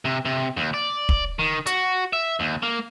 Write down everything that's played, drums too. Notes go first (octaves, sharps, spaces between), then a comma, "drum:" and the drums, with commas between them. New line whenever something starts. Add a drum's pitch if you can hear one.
C3
C3
D#2
D5
drum: kick
D#3
F#4, drum: hi-hat
E5
D#2
A#3